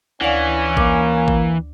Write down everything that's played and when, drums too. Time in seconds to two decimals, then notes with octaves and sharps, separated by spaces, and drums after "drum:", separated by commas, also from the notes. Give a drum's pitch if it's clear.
0.21 D2 E3 C#4 D5 F5
0.77 A#3 D6, drum: kick A1
1.28 drum: kick A1